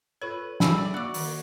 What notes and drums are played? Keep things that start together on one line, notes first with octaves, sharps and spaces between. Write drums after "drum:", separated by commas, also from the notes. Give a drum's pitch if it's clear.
F4 A4 B4 C#5
B5 E6, drum: snare
D5 E5
A#3 F#4 D5 D6
D#3, drum: open hi-hat